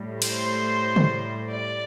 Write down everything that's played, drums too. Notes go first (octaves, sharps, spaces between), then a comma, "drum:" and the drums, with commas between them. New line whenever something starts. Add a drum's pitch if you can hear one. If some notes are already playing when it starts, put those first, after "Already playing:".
Already playing: A2 G3
C5, drum: cymbal
drum: tom C#3
D5